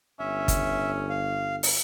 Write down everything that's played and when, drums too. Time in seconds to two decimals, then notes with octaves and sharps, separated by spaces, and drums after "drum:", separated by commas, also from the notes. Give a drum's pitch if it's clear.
0.19 G1 C#4 E5
0.48 drum: kick G1, hi-hat
1.10 F5
1.63 drum: open hi-hat